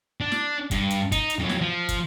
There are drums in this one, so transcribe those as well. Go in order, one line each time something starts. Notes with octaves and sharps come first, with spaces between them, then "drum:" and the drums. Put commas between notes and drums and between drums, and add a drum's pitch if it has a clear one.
D4
drum: snare
G2, drum: kick, hi-hat
drum: hi-hat
D#4, drum: kick, hi-hat
drum: hi-hat
F2 F#3
drum: snare
F3
drum: kick, hi-hat